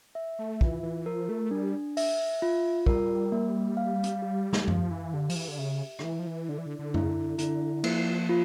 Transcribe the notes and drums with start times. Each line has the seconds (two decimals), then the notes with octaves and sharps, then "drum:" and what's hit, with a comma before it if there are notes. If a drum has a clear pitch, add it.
0.15 E5
0.39 A3
0.61 E3 F4, drum: kick
0.83 E3
1.06 F3 A#4
1.29 A3
1.51 G3 D4
1.97 E5, drum: open hi-hat
2.42 F4
2.86 G3 A#4, drum: kick
3.32 A#3
3.77 F5
4.04 drum: hi-hat
4.22 G4
4.53 drum: snare
4.68 F3 F5, drum: tom F#2
4.91 E3
5.14 D3 G4
5.29 F3, drum: open hi-hat
5.36 E3
5.48 D3
5.58 C#3 E5
5.99 D3, drum: rim click
6.03 E3 E4
6.19 F3
6.27 E3
6.49 D3 D5
6.58 E3
6.66 D3
6.79 D3
6.94 E4, drum: tom F#2
7.03 C#3
7.09 D3
7.39 D3 E4, drum: hi-hat
7.84 F3 A#3, drum: cymbal
8.29 F4